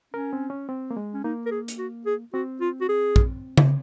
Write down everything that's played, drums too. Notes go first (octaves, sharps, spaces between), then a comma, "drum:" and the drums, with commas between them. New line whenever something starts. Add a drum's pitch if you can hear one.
C#4 A#4
C4
C#4
C4
A#3
G#3
C#4
A#3 D#4
A#4
G#4
drum: hi-hat
F#4
G#4
C4 F#4
F4
F#4
G#4
drum: kick
drum: tom C#3